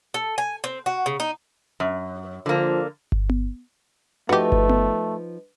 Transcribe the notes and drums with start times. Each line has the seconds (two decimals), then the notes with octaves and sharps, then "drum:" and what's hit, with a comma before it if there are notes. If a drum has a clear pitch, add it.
0.14 A4
0.38 G#5
0.64 C4
0.86 F#4
1.06 C#3
1.20 D#4
1.80 F#2
2.46 D3 F3 A#3
3.12 drum: kick G1
3.29 drum: tom B3
4.29 F3 A3 D#4 F#4 G4 B4
4.52 drum: kick G1
4.69 drum: tom B3